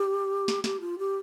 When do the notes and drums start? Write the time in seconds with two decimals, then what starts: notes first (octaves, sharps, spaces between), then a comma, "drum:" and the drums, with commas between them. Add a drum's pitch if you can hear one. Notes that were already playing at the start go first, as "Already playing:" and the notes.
Already playing: G4
0.48 drum: snare
0.64 G4, drum: snare
0.80 F4
0.98 G4